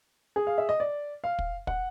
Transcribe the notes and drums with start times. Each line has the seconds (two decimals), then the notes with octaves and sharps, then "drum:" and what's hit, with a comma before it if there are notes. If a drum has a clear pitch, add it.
0.36 G#4
0.47 F5
0.58 E5
0.69 D#5
0.80 D5
1.24 F5
1.39 drum: kick
1.67 F#5, drum: kick